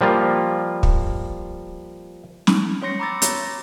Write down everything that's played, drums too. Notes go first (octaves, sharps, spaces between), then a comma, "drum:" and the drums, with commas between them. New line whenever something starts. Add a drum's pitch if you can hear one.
F3 G3 A#3 F4
drum: kick
drum: snare
C#4 C#5 C6 A#6 C#7
A#5 B5 D6 E6 A6 A#6
C#5 A#5, drum: hi-hat